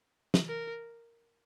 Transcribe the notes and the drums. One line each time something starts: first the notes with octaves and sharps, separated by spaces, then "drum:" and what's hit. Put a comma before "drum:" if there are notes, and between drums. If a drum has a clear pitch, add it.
drum: snare
A#4